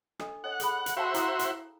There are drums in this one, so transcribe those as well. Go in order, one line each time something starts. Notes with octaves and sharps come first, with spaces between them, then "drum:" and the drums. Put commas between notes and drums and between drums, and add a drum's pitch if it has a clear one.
D4 A4 D#5, drum: rim click
A4 C#5 D#5 F#5
G#4 A4 B5, drum: hi-hat
drum: hi-hat
F#4 C5 E5 F5 G5 A5
E4 D#6, drum: hi-hat
drum: hi-hat